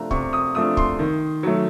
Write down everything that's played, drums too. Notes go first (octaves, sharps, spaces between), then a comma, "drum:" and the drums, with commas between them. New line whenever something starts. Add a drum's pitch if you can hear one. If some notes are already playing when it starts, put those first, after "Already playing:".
Already playing: C3 F3 A3 D4 A#5
C3 C#6, drum: kick
D#6
F3 A3 D4 D#6
C6, drum: kick
D#3
F#3 A3